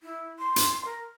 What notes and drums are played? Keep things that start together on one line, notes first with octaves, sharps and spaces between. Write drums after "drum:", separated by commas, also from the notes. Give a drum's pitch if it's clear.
E4
C6
drum: hi-hat
A#4